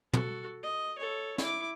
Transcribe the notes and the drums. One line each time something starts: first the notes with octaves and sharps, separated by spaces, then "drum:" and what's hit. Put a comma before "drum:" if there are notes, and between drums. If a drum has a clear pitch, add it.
F#4 A4, drum: tom
D#5
A4 C#5
E4 D6, drum: snare